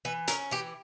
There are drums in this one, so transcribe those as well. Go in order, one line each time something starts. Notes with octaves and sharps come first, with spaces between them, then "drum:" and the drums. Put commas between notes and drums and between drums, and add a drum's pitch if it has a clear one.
E3 B4
C#4 A#4, drum: hi-hat
E3 G4